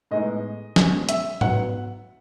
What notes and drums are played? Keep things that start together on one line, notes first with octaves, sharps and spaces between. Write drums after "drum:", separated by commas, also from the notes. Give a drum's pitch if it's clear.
A2 G#3 B3 D#4 D#5
B2 G#3 C#4, drum: snare
E5, drum: hi-hat
F#3 B3 D#4 F#5, drum: tom G#2